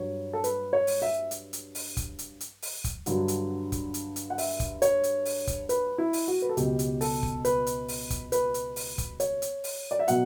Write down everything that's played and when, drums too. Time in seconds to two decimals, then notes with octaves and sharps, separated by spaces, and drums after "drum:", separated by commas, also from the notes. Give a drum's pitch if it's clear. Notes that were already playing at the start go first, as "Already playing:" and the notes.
Already playing: G2 F#3 C#5
0.33 A4
0.44 B4, drum: hi-hat
0.73 C#5
0.87 drum: open hi-hat
1.02 E5
1.31 drum: hi-hat
1.53 drum: hi-hat
1.75 drum: open hi-hat
1.97 drum: kick, hi-hat
2.19 drum: hi-hat
2.40 drum: hi-hat
2.62 drum: open hi-hat
2.84 drum: kick, hi-hat
3.06 G2 D3 F#3, drum: hi-hat
3.28 drum: hi-hat
3.72 drum: kick, hi-hat
3.94 drum: hi-hat
4.16 drum: hi-hat
4.30 F#5
4.38 E5, drum: open hi-hat
4.60 drum: kick, hi-hat
4.82 C#5, drum: hi-hat
5.04 drum: hi-hat
5.25 drum: open hi-hat
5.47 drum: kick, hi-hat
5.69 B4, drum: hi-hat
5.98 E4
6.13 drum: open hi-hat
6.28 F#4
6.42 B4
6.49 A4
6.57 C#2 B2 F#3 G4, drum: hi-hat
6.79 drum: hi-hat
7.01 A4, drum: open hi-hat
7.23 drum: kick
7.45 B4, drum: hi-hat
7.67 drum: hi-hat
7.88 drum: open hi-hat
8.10 drum: kick, hi-hat
8.32 B4, drum: hi-hat
8.54 drum: hi-hat
8.76 drum: open hi-hat
8.98 drum: kick, hi-hat
9.20 C#5, drum: hi-hat
9.42 drum: hi-hat
9.64 drum: open hi-hat
9.91 D5
9.99 E5
10.08 B2 F#3 F#5, drum: hi-hat